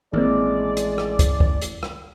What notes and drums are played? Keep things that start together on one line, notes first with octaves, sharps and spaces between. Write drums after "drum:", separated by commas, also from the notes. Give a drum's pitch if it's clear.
A1 D#3 G#3 A#3 C4 D5
drum: hi-hat
drum: rim click
drum: kick, hi-hat
drum: kick
drum: hi-hat
drum: rim click